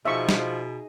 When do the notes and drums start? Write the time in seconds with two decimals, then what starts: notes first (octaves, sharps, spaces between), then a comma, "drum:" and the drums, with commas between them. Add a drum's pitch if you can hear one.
0.05 B2 F3 D#4 G#4 E5 C#6
0.29 drum: snare